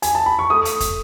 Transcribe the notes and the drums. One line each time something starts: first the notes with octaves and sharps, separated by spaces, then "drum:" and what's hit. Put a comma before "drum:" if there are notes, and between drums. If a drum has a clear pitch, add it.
G#5, drum: hi-hat
A5
B5
C#6
A3 D#6
drum: hi-hat
drum: kick, hi-hat